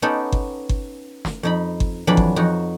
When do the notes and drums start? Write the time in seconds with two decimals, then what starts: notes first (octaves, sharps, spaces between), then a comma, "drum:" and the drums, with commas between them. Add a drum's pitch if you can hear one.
0.02 B3 C#4 D#4 G4 A4 G5
0.32 drum: kick G1
0.69 drum: kick G1
1.25 drum: snare
1.43 F2 D#4 B5
1.80 drum: kick G1
2.07 F2 E3 F#3 D4 D5 B5
2.17 drum: kick G1
2.36 F2 D#4 F#4 A#5